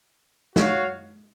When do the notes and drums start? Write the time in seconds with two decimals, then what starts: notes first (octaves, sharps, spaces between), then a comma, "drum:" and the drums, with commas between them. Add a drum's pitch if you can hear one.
0.56 F#4 C#5 F5, drum: snare